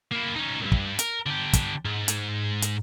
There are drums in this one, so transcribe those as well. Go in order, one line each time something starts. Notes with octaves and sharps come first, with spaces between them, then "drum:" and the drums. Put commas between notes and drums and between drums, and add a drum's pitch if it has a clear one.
A#3 E4
C#4 D#4
C2 G2
drum: kick
A#4, drum: hi-hat
D3 G4
drum: kick, hi-hat
G#2
drum: hi-hat
drum: hi-hat